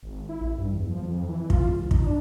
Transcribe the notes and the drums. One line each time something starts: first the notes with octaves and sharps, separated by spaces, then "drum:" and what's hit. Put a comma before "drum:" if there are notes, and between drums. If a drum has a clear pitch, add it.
G#1
E4
A1
G2
E2
F3
F2
E3
F4, drum: kick
C#2
D#4, drum: kick
D4